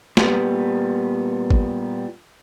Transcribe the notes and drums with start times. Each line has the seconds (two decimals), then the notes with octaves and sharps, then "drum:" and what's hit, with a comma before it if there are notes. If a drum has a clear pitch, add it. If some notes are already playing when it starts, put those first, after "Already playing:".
0.17 A#2 G3 B3, drum: snare
1.51 drum: kick